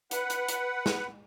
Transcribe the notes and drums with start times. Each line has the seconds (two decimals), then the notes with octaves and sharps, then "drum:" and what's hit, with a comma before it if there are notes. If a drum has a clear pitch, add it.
0.11 B4 F#5, drum: hi-hat
0.30 drum: hi-hat
0.49 drum: hi-hat
0.86 drum: snare